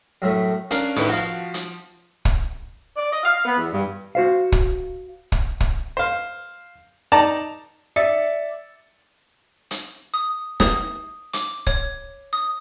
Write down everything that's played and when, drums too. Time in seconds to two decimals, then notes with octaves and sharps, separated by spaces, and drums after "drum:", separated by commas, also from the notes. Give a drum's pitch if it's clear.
0.22 F#2 A2 A3
0.71 C#4 D4 A#4 F5, drum: hi-hat
0.96 A2 D#3 B4, drum: open hi-hat
1.09 F3 F#4 F5
1.54 drum: hi-hat
2.25 drum: kick
2.96 D5
3.11 D#5
3.23 F5
3.45 B3
3.58 E2
3.72 G2
4.15 F#4 C5 F5
4.52 drum: kick
5.32 drum: kick
5.60 drum: kick
5.97 C5 F5
7.12 D#4 D5 A5 A#5
7.96 D5 E5 A6 C#7
9.71 drum: hi-hat
10.14 D#6
10.60 D#6, drum: snare
11.33 D6, drum: hi-hat
11.67 C#5, drum: kick
12.33 D#6